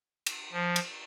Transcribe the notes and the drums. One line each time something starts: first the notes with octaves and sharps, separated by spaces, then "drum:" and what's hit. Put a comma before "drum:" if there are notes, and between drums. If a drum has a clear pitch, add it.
drum: cymbal
F3
drum: cymbal